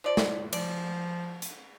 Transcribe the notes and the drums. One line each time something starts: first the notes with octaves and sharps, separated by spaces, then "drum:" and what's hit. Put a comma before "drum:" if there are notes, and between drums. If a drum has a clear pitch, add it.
F3 D5
drum: snare
F3 D5, drum: cymbal
drum: hi-hat